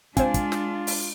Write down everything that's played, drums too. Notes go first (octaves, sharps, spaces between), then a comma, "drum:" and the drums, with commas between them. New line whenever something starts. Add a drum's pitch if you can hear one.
G#3 C4 D4 F4 C5 F5 G#5, drum: kick, hi-hat
drum: kick, hi-hat
drum: snare
drum: open hi-hat